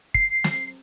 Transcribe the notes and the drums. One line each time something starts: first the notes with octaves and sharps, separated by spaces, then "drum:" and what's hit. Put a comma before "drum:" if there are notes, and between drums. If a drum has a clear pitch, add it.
C7, drum: kick
drum: snare